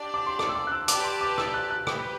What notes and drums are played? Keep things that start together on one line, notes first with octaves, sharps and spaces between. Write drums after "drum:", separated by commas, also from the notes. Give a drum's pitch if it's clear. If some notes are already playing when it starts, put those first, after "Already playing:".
Already playing: D4 G4 D5
D6
C6
D6, drum: rim click
E6
D6
F#6
E6
G4 B4 D5 A5 D6, drum: hi-hat
C6
D6
E6, drum: rim click
F#6
F#6
G4 B4, drum: rim click